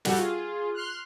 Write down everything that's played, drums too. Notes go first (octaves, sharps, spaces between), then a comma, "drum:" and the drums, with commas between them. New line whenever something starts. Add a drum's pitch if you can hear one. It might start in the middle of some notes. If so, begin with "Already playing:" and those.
G3 F#4 G4 A4, drum: snare
F4 G#4
C6 F6 F#6